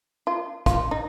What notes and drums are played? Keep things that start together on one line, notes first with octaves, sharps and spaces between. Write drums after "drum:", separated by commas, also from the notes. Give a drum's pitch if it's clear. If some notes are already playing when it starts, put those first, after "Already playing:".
F4
F4, drum: kick, hi-hat
D#4